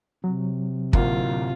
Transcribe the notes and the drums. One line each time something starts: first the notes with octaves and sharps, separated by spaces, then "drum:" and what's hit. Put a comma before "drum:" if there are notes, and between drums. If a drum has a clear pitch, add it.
C3 F#3
D1 D2 A#3 F4, drum: kick